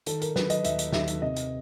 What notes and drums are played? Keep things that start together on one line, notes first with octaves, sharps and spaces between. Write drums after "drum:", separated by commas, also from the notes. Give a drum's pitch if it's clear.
D#3 A4, drum: hi-hat
A#4, drum: hi-hat
F#3 B4, drum: snare
D#5, drum: hi-hat
D#2 E5, drum: hi-hat
drum: hi-hat
D#2 E5, drum: snare
drum: hi-hat
C3 D#5
drum: hi-hat